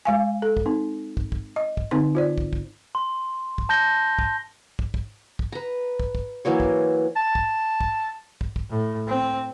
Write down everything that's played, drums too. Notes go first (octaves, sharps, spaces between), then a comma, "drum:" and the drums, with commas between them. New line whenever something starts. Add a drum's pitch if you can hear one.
G#3 F5 G#5
A4
drum: kick
C4 D#4
drum: kick
drum: kick
D#5
drum: kick
D3 C4 D#4 C6
F4 C5 D5
drum: kick
drum: kick
C6
drum: kick
A5 G6 A#6 G7
drum: kick
drum: kick
drum: kick
drum: kick
B4 A#5
drum: kick
drum: kick
E3 F#3 A#3 C#5
drum: kick
A5
drum: kick
drum: kick
drum: kick
drum: kick
A2
C4